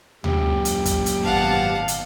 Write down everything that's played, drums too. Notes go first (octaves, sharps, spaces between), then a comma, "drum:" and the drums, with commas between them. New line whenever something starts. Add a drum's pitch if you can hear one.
F#2 A#2 G4, drum: tom D2
drum: hi-hat
drum: kick, hi-hat
drum: hi-hat
G#1 B2 F5 F#5 A5
drum: hi-hat